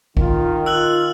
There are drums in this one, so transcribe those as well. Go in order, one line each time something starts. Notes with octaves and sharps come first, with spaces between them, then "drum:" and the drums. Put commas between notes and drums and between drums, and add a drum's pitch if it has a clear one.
D#3 F4, drum: kick
F4 E6 F#6 F#7